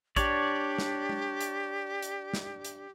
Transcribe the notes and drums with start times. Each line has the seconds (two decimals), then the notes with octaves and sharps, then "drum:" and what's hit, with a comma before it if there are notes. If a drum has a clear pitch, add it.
0.16 D4 G4 C#5 D5, drum: kick, hi-hat
0.78 drum: snare
1.09 drum: tom G#3
1.40 drum: hi-hat
2.03 drum: hi-hat
2.34 drum: snare
2.65 drum: hi-hat